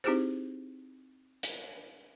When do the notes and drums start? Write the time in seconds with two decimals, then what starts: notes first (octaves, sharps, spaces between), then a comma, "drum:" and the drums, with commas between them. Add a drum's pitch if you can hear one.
0.04 C4 D#4 E4 G4 G#4 C5
1.43 drum: hi-hat